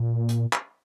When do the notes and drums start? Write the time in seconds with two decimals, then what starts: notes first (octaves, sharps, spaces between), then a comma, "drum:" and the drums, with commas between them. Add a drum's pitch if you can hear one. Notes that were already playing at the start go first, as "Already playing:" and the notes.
Already playing: A#2
0.29 drum: hi-hat
0.53 drum: clap